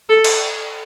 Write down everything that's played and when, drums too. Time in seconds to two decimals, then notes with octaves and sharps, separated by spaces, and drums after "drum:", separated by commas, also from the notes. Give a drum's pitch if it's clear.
0.09 A4
0.24 drum: cymbal